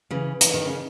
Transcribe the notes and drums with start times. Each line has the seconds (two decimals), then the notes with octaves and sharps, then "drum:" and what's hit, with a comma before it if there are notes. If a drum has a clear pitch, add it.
0.10 C#3 E3
0.41 E3, drum: hi-hat
0.54 D#3
0.65 C#3